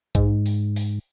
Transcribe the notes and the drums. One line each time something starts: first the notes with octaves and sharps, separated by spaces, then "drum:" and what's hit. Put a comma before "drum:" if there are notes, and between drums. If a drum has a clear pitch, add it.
G#2, drum: kick A#1, hi-hat
drum: open hi-hat
drum: open hi-hat